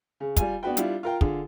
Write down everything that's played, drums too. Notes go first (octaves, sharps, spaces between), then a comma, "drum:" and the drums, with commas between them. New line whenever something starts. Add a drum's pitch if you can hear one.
C#3
G3 F4 G#5, drum: kick, hi-hat
B3 D4 F#4 B4 G5
G3 D4 E4 F4, drum: hi-hat
F4 A#4 G5
D3 F4 G#4, drum: kick